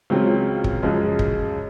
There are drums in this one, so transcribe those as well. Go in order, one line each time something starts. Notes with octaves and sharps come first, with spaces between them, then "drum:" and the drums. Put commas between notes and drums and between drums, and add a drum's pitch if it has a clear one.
C#2 C#3 F#3 C4 F4
drum: kick
F#2 C#3 F3 G#3
drum: kick